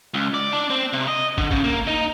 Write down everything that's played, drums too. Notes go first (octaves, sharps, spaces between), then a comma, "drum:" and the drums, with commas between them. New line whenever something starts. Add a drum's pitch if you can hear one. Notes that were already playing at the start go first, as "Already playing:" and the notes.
C#2
D5
D4
C4
C3
D#5
D3, drum: kick
C#3, drum: kick
A#3
D#4